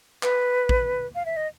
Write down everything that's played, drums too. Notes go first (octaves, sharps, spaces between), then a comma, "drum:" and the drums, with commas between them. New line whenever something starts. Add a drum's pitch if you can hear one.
B4, drum: clap
drum: kick A1
F5
E5
D#5